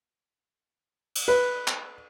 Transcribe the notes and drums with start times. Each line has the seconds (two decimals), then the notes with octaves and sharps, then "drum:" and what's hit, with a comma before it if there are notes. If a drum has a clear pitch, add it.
1.15 drum: cymbal
1.28 B4
1.68 drum: clap